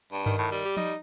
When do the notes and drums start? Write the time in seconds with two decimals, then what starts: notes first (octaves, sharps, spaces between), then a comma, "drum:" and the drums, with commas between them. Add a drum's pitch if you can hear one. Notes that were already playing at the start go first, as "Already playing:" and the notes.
0.13 G2
0.26 D#3, drum: tom G2
0.38 A2
0.52 G3
0.65 G4
0.77 D#4, drum: tom F3